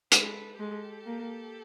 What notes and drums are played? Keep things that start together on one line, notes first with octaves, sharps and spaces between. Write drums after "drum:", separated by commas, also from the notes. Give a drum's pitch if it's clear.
G#3 A4 B4, drum: hi-hat
G#3 G4 A4
A#3